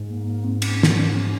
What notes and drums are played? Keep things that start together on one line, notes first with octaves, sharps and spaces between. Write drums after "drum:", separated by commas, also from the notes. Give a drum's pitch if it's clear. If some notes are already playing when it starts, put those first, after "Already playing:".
Already playing: G#2
A#3
A#3
C4
C#4, drum: cymbal
drum: snare